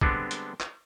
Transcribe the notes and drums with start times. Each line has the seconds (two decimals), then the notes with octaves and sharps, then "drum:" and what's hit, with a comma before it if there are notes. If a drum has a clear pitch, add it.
0.01 D3 G3 G#3 B3 C4 D4, drum: kick
0.31 drum: hi-hat
0.60 drum: clap